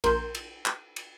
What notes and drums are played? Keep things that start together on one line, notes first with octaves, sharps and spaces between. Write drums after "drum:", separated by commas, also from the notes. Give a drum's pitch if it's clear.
A#1 A#4 C6 G6, drum: cymbal
drum: cymbal
drum: clap
drum: cymbal